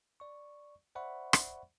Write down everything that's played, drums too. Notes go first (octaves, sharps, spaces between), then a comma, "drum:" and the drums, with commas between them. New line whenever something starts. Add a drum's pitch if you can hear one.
D5 C#6
C5 D5 E5 F#5 B5 C#6
drum: rim click